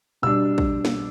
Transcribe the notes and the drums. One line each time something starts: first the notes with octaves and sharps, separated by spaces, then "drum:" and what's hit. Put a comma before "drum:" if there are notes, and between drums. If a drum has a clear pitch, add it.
B2 G3 D4 E6
drum: kick
drum: snare